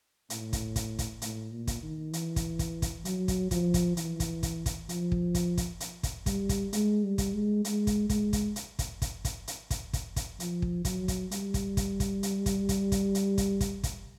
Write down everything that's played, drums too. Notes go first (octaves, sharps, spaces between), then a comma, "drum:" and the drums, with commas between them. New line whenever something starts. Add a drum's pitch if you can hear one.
A2, drum: hi-hat
drum: kick, hi-hat
drum: kick, hi-hat
drum: kick, hi-hat
A2, drum: hi-hat
A#2
drum: kick, hi-hat
D#3
E3, drum: hi-hat
drum: kick, hi-hat
drum: kick, hi-hat
drum: kick, hi-hat
F#3, drum: hi-hat
drum: kick, hi-hat
F3, drum: kick, hi-hat
drum: kick, hi-hat
E3, drum: hi-hat
drum: kick, hi-hat
drum: kick, hi-hat
drum: kick, hi-hat
F3, drum: hi-hat
drum: kick
drum: kick, hi-hat
drum: kick, hi-hat
drum: hi-hat
drum: kick, hi-hat
G3, drum: kick, hi-hat
drum: kick, hi-hat
G#3, drum: hi-hat
G3
drum: kick, hi-hat
G#3
G#3, drum: hi-hat
drum: kick, hi-hat
G#3, drum: kick, hi-hat
drum: kick, hi-hat
drum: hi-hat
drum: kick, hi-hat
drum: kick, hi-hat
drum: kick, hi-hat
drum: hi-hat
drum: kick, hi-hat
drum: kick, hi-hat
drum: kick, hi-hat
F3, drum: hi-hat
drum: kick
F#3, drum: kick, hi-hat
drum: kick, hi-hat
G3, drum: hi-hat
drum: kick, hi-hat
drum: kick, hi-hat
drum: kick, hi-hat
drum: hi-hat
drum: kick, hi-hat
drum: kick, hi-hat
drum: kick, hi-hat
drum: hi-hat
drum: kick, hi-hat
drum: kick, hi-hat
drum: kick, hi-hat